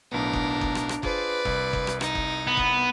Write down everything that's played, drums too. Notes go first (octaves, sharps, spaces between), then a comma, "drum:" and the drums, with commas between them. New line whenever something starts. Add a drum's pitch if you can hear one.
B1 A2 B3 D4 A#4
drum: kick F#1
drum: kick F#1
drum: rim click
drum: rim click
F4 G#4 B4 C5 D5, drum: kick F#1
C2, drum: kick F#1
drum: kick F#1
drum: rim click
D#4, drum: rim click
drum: kick F#1
B3
drum: kick F#1